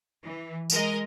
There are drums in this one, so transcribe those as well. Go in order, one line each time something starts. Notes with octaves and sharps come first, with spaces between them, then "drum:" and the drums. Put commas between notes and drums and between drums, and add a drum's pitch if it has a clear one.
E3
G#3 A#4 D#5, drum: tambourine